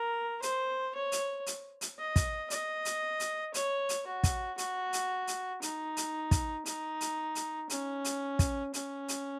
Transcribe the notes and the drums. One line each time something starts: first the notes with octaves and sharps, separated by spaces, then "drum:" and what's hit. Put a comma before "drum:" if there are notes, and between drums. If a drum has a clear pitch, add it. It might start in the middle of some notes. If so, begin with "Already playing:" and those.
Already playing: A#4
C5, drum: hi-hat
C#5
drum: hi-hat
drum: hi-hat
drum: hi-hat
D#5
drum: kick, hi-hat
D#5, drum: hi-hat
drum: hi-hat
drum: hi-hat
C#5, drum: hi-hat
drum: hi-hat
F#4
drum: kick, hi-hat
F#4, drum: hi-hat
drum: hi-hat
drum: hi-hat
D#4, drum: hi-hat
drum: hi-hat
drum: kick, hi-hat
D#4, drum: hi-hat
drum: hi-hat
drum: hi-hat
C#4, drum: hi-hat
drum: hi-hat
drum: kick, hi-hat
C#4, drum: hi-hat
drum: hi-hat